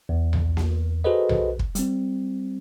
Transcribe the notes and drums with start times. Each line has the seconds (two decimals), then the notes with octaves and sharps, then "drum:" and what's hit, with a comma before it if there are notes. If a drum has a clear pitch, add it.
0.09 E2
0.33 drum: tom B1
0.57 drum: snare A#3
1.04 F#4 G#4 A4 B4 C5 D#5
1.29 drum: tom B1
1.59 drum: kick
1.75 G3 C4, drum: hi-hat